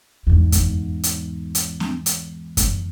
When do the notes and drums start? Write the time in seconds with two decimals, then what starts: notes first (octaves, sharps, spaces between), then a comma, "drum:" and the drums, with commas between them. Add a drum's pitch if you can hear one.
0.27 E2 G#2
0.52 drum: kick F#2, hi-hat
1.03 drum: hi-hat
1.55 drum: hi-hat
1.80 drum: snare
2.06 drum: hi-hat
2.57 drum: kick F#2, hi-hat